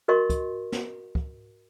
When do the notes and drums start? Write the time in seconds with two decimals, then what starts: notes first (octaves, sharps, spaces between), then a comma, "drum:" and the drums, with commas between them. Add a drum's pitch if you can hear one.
0.08 F#4 A#4 D#5 C6 C#6
0.30 drum: kick, hi-hat
0.72 drum: snare
1.15 drum: kick